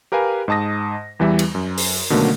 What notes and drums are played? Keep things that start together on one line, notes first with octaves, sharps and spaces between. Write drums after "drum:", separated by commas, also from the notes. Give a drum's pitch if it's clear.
G4 A#4 B4 F5 G#5
G#2 D#5 A5 D#6 A#6
E2 E3 G3 E5
drum: cymbal
F#2
drum: open hi-hat
B2 D3 D#3 F#3 A3 A#3